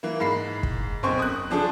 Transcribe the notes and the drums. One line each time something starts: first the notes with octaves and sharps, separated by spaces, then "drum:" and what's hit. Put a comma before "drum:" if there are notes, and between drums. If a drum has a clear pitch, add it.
E3 A#3
G#2 B5 C7
drum: kick
B1 F#2 C4 C6 C#6
D#6 F#6
C#3 F3 D4 G#4 A4